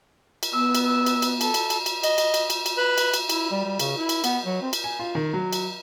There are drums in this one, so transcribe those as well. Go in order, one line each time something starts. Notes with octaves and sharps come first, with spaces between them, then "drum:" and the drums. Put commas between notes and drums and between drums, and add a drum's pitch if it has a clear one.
drum: cymbal
B3 E6
drum: cymbal
E6
drum: cymbal
drum: cymbal
A4, drum: cymbal
drum: cymbal
drum: cymbal
drum: cymbal
D#5, drum: cymbal
drum: cymbal
drum: cymbal
drum: cymbal
drum: cymbal
B4
drum: cymbal
drum: cymbal
E4, drum: cymbal
G3
G3
C#3, drum: cymbal
E4
drum: cymbal
B3, drum: cymbal
F#3
C4
drum: cymbal
G#5
F4
D#3
F#3
drum: cymbal